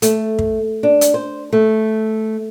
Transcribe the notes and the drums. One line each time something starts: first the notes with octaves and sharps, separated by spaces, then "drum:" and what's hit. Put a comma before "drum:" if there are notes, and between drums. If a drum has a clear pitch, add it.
A3, drum: hi-hat
drum: kick
D4
drum: hi-hat
C5
A3